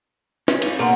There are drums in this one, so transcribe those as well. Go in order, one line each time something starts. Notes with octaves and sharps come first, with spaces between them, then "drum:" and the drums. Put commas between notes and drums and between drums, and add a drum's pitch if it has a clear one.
C#4, drum: snare
drum: cymbal
B2 A#3 G#4 A#4 F#5 C6